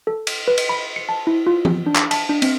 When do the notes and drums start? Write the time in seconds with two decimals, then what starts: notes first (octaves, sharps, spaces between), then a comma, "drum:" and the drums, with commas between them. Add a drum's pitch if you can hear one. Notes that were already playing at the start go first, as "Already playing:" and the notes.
0.07 A4
0.27 drum: cymbal
0.48 B4
0.58 drum: cymbal
0.69 B5
0.96 C#7
1.09 A5
1.27 E4
1.47 F4
1.65 drum: tom E3
1.86 D4
1.96 drum: clap
2.11 A5, drum: cymbal
2.29 D4
2.42 C4, drum: cymbal